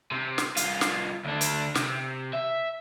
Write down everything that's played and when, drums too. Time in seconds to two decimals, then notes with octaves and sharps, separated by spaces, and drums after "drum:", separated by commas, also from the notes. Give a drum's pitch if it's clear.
0.11 C3
0.38 drum: snare
0.57 C2 F4, drum: hi-hat
0.81 drum: snare
1.25 D2 D4
1.41 drum: hi-hat
1.75 C3, drum: snare
2.33 E5